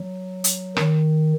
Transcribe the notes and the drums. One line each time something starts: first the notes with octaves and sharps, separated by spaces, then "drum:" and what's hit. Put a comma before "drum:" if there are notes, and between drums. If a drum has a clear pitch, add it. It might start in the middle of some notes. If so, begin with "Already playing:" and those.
Already playing: F#3
drum: hi-hat
D#3, drum: rim click